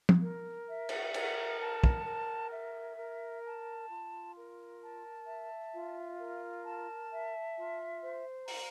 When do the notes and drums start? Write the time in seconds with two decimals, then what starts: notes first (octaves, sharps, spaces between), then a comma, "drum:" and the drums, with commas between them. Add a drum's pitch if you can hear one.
0.09 drum: tom F3
0.22 A#4
0.69 E5
0.89 drum: cymbal
1.14 A#4, drum: cymbal
1.60 A5
1.84 drum: kick
2.06 A#4
2.51 E5
2.98 A#4
3.44 A5
3.90 F4
4.35 A#4
4.82 A5
5.27 E5
5.72 F4
6.18 A#4
6.64 A5
7.10 E5
7.56 F4
8.02 C5
8.48 A#5, drum: open hi-hat